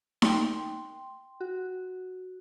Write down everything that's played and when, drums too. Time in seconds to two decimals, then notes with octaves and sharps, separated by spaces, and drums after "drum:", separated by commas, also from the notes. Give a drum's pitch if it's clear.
0.22 G5 C6, drum: snare D#4
1.40 F#4